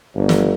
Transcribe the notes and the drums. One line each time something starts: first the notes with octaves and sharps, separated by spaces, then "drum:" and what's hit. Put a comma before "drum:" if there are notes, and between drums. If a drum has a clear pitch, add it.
G1
drum: snare